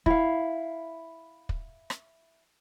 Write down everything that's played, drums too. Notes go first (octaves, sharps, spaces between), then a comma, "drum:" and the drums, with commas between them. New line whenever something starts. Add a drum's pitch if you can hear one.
E4 F5, drum: kick
drum: kick
drum: rim click